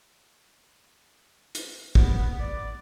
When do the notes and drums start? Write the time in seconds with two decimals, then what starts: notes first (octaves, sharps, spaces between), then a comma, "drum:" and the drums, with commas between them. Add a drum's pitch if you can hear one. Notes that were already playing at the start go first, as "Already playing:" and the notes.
1.55 drum: hi-hat
1.95 B3, drum: kick
2.39 D5